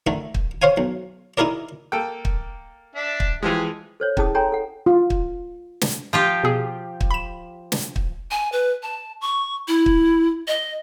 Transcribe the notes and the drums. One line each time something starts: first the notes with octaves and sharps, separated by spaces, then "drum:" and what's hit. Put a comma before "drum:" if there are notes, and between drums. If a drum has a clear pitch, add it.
D3 D#3 A3
drum: kick
C5 C#5 F5 G#5
B1
D#4 E4 G#4 A#4 D5
A#3 A4 G5
drum: kick
D4 D5 E5
drum: kick
E3 F3 G#3 G4 G#4
A4 C5 C#5
C#4 E4 G#4 A5 D#6, drum: kick
A4 C#5 G5 G#5 A#5 C6
A4 F#5
F4
drum: kick
drum: snare
F3 F4 G4
B2 G#4
drum: kick
B5 E7
drum: snare
drum: kick
G#5
B4
A5
C#6
E4
drum: kick
D#5